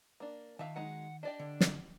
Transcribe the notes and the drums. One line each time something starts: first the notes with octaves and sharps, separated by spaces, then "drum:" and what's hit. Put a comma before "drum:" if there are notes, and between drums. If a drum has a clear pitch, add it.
A#3 D4
D#3 E5 F5 A5
F#3 G#3 D#4 F#5
D4 G4 D5 D#5
D3
drum: snare